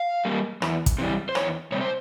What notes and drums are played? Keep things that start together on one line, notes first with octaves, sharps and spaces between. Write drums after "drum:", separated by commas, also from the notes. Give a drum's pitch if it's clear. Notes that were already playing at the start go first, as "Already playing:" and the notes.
Already playing: F5
G3 A#3
E2, drum: rim click
drum: kick, hi-hat
C3 E3 G3
C5
E2 C#5, drum: rim click
C3 G3 C4 C#5
C5